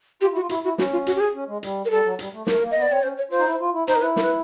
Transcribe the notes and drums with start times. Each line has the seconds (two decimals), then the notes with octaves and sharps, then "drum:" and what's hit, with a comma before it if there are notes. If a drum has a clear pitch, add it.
0.21 F4 G4
0.32 E4
0.36 F#4
0.41 F4
0.49 E4 F#4, drum: hi-hat
0.64 E4 F#4
0.78 C#4 F#4, drum: snare
0.92 F4
1.07 F#4, drum: hi-hat
1.16 G4
1.20 G#4
1.34 C#4
1.48 G#3
1.63 G3, drum: hi-hat
1.85 A#4
1.91 G3 A4
2.05 F#3
2.19 G3, drum: hi-hat
2.33 A3
2.47 A3 A#4, drum: snare
2.61 A#3
2.71 B3 D#5
2.82 D5
2.89 C4 C#5
3.03 C#4 C5
3.17 C#5
3.31 F4 C5
3.39 D#4
3.46 E4
3.60 F4
3.74 E4
3.88 D#4 C5, drum: hi-hat
3.95 A#4
4.01 E4 B4
4.16 A#4, drum: snare
4.23 B4